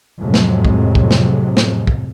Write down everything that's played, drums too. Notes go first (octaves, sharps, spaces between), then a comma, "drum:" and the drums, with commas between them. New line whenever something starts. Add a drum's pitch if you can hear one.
F2 A2 C3 F#3 G#3
drum: snare
drum: kick
drum: kick
drum: snare
drum: snare
drum: kick